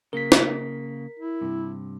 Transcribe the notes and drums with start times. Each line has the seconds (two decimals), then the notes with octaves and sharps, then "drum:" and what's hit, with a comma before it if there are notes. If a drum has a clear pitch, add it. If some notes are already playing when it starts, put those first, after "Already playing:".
0.13 C#3 A#3 A#4 B6
0.32 drum: snare
1.19 E4
1.41 G2 C3